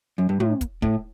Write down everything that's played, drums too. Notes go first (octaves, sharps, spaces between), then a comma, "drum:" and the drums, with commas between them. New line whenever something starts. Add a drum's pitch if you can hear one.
F#2
G2
A2, drum: tom
drum: kick, hi-hat
A2, drum: kick